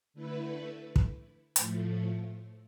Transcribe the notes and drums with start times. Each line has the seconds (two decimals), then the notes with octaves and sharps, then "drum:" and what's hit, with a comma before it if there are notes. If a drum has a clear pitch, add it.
0.14 D3 A3 E4 B4
0.96 drum: kick
1.56 A2 F3 A3, drum: hi-hat